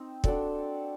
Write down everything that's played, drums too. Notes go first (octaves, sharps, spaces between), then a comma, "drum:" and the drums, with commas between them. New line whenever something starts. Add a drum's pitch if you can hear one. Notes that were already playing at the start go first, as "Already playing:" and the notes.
Already playing: C4 D#4
D4 F#4 A4 D5, drum: kick